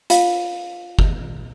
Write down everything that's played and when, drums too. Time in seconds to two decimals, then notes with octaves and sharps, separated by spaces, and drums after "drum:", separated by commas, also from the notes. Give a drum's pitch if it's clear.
0.10 F4 F5, drum: hi-hat
0.99 drum: kick F#1